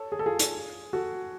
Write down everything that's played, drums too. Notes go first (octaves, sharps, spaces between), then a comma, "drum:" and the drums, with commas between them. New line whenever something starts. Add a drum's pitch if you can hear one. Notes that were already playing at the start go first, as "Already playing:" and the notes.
Already playing: A4 C#5
G#4
A4
F4 G#4
drum: hi-hat
F#4 A4